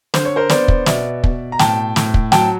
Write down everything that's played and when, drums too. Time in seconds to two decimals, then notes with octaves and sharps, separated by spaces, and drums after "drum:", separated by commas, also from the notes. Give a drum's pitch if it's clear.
0.14 D3 C5, drum: snare
0.25 C#5
0.36 A#4 C5
0.49 B3 C5 D5, drum: snare
0.68 drum: kick
0.86 B2 D5 E5, drum: snare
1.24 B2, drum: kick
1.52 A#5
1.59 A2 G5 A5, drum: snare
1.96 A2, drum: snare
2.14 drum: kick
2.32 F#3 G5 A5, drum: snare